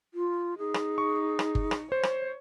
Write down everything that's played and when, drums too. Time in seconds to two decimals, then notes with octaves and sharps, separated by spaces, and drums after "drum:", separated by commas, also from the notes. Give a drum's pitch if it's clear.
0.14 F4
0.58 D#4 G#4
0.74 drum: rim click
0.98 C#6
1.39 drum: rim click
1.55 drum: kick G1
1.71 drum: rim click
1.92 C5 C#5
2.03 drum: rim click